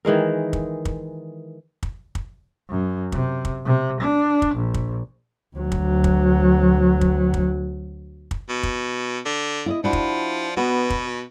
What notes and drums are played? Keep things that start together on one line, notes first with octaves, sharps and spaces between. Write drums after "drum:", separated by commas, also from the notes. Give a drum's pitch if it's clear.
D#3 E3 G#3 A#4
drum: kick
drum: kick
drum: kick
drum: kick
F#2
C3, drum: kick
drum: kick
C3
D4
drum: kick
A#1
drum: kick
D2 F#3
drum: kick
drum: kick
drum: kick
drum: kick
drum: kick
B2
drum: kick
D3
E4 D5 D#5
F3 D4 E4 F#4
drum: kick
B2 B3 F#4 B4
drum: kick